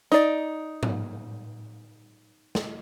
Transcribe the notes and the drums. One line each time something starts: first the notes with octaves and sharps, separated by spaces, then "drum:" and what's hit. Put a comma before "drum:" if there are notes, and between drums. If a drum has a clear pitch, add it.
D#4 D5, drum: hi-hat
drum: tom G#2
drum: snare